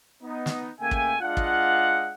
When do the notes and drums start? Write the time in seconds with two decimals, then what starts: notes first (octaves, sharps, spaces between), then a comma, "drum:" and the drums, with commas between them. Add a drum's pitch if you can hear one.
0.23 B3 D#4
0.46 drum: snare
0.80 C#3 A3 A#3 E5 G5 G#5
0.91 drum: kick
1.21 G#3 D4 F4 D#5 F5 F#5
1.37 drum: kick